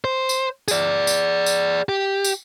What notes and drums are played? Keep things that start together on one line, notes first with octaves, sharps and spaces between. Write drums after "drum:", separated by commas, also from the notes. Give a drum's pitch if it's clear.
C5
drum: tambourine
G#4 D5, drum: tambourine
drum: tambourine
drum: tambourine
G4
drum: tambourine